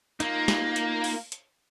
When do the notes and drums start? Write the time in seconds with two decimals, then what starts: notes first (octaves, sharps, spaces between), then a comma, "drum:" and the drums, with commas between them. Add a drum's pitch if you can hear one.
0.20 A#3 D#4 F4, drum: hi-hat
0.48 drum: snare
0.76 drum: hi-hat
1.04 drum: open hi-hat
1.32 drum: hi-hat